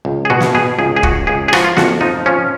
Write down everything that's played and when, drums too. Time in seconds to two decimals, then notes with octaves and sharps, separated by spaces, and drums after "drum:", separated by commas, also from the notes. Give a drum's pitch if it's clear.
0.05 C#2
0.25 G#4
0.30 B2 F#4
0.40 drum: snare
0.55 B2 G#4
0.79 C#2 G#4
0.96 G#4
1.03 C#2 F#4, drum: kick
1.27 C#2 G#4
1.48 G#4
1.53 F3 F#4, drum: rim click
1.64 F4
1.77 F2 F#4, drum: snare
2.01 F3 D#4
2.26 F3 C#4